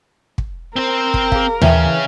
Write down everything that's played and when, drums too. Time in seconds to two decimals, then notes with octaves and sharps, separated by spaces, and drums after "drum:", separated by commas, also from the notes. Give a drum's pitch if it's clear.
0.38 drum: kick
0.76 C4 A#4 C5
1.14 drum: kick
1.32 G#4 F5, drum: kick
1.62 C#3 E3 C#4 C#5 E5 G5, drum: tom D#2